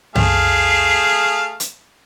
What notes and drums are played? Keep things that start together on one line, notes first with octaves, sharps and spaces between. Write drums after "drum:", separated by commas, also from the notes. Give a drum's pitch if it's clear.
A3 G#4 F5, drum: tom
drum: hi-hat